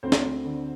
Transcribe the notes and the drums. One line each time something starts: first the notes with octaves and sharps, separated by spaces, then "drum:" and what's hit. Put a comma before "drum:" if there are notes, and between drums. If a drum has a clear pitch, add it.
D2 C4 C5
drum: snare
D2
D3